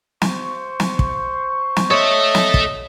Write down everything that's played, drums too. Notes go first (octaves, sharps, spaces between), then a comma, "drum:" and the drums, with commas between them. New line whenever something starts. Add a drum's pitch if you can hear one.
C5 C#6, drum: snare
drum: snare
drum: kick
drum: snare
A4 C#5 D#5 E5
drum: snare
drum: kick